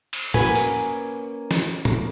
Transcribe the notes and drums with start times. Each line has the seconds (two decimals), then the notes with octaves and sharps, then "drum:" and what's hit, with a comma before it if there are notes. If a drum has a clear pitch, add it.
0.13 drum: cymbal
0.34 A#3 C#4 F#4 B4 G#5, drum: tom
0.55 drum: hi-hat
1.51 drum: snare
1.85 drum: tom